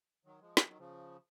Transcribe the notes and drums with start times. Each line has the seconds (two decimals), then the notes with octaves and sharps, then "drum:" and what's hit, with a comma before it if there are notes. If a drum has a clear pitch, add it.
0.25 D#3 F#3
0.41 F3 G#3
0.57 D#3 F#3, drum: snare
0.68 D#3 F#3
0.79 C#3 F3